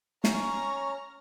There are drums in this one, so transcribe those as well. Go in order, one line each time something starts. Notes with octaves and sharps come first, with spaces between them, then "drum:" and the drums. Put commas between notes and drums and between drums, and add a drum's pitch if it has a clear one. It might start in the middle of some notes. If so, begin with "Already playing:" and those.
C#4 C#5 A#5 C#6 F6, drum: snare